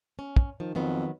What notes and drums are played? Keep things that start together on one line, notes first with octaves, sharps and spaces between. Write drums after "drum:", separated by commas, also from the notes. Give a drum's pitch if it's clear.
C#4
drum: kick
D#3 F3
F2 D#3 F#3 B3